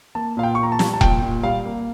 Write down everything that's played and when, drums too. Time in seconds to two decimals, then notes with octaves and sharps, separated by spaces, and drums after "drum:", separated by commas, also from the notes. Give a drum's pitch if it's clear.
0.15 A#3 A5
0.37 A#2 F5
0.43 G5
0.55 A#2 C#6
0.63 A#5
0.72 A5
0.79 G3, drum: snare
0.93 A5
1.01 A#2 G5, drum: kick E1
1.22 A#2
1.44 G3 F5
1.65 A#3